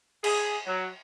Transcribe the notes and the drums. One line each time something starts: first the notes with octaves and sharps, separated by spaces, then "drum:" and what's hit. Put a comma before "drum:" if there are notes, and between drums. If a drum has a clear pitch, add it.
G#4, drum: cymbal
F#3